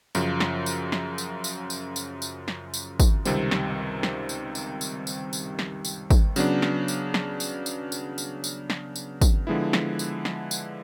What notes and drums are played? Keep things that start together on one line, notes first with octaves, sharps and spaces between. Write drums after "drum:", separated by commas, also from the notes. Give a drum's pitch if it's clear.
F#2 C#3 F3, drum: tambourine
drum: snare
drum: tambourine
drum: snare
drum: tambourine
drum: tambourine
drum: tambourine
drum: tambourine
drum: tambourine
drum: snare
drum: tambourine
drum: kick, tambourine
C#2 C3 D#3 G3 C4, drum: tambourine
drum: snare
drum: snare
drum: tambourine
drum: tambourine
drum: tambourine
drum: tambourine
drum: tambourine
drum: snare
drum: tambourine
drum: kick, tambourine
C#3 F#3 B3 D4, drum: tambourine
drum: snare
drum: tambourine
drum: snare
drum: tambourine
drum: tambourine
drum: tambourine
drum: tambourine
drum: tambourine
drum: snare
drum: tambourine
drum: kick, tambourine
D3 F3 G#3 B3 E4
drum: snare
drum: tambourine
drum: snare
drum: tambourine